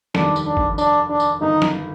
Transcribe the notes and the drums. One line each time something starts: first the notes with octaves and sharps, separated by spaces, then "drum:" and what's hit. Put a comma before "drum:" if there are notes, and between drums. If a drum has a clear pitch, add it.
F1 D#2 D#3 G3 D4, drum: snare
drum: tambourine
D4
drum: kick G1
D4, drum: tambourine
D4
drum: tambourine
G1 G2 D#3 D#4
drum: snare